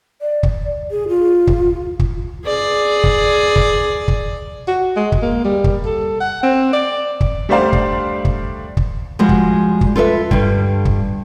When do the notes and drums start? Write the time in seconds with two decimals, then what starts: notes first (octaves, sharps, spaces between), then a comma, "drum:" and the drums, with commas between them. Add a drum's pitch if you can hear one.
0.22 D5
0.43 drum: kick
0.91 G#4
1.08 F4
1.47 drum: kick
1.99 drum: kick
2.45 G#4 D5
3.04 drum: kick
3.56 drum: kick
4.08 drum: kick
4.68 F#4
4.96 G#3
5.12 drum: kick
5.23 A#3
5.45 G3
5.64 drum: kick
5.86 A4
6.20 F#5
6.43 C4
6.73 D5
7.21 drum: kick
7.49 G3 A3 D4 C5 D5 F5
7.73 drum: kick
8.25 drum: kick
8.77 drum: kick
9.19 F3 G3 G#3 F#4
9.29 drum: kick
9.81 drum: kick
9.96 F4 A4 B4 E5
10.31 G2 D3 G3, drum: kick
10.85 drum: kick